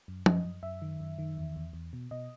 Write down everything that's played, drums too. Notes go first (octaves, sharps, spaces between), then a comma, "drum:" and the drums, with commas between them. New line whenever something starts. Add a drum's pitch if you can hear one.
F#2
F#2 D#5, drum: tom F3
F#2
F#2 E5
D#3
F#2
D#3
E2
E2
E2
B2
B2 D#5